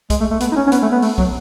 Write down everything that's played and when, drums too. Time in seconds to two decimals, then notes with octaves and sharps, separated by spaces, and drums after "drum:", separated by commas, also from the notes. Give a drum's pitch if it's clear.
0.10 G#3, drum: kick, hi-hat
0.20 A3
0.31 A3
0.40 B3, drum: hi-hat
0.52 D#4
0.56 C#4
0.67 C#4
0.72 B3, drum: hi-hat
0.82 A3
0.92 B3
1.02 A3, drum: open hi-hat
1.18 F#3, drum: kick